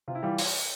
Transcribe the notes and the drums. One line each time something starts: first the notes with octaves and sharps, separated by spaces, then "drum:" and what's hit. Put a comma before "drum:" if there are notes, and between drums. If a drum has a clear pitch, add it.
C3 F4
E4
E3 G3 F4
drum: open hi-hat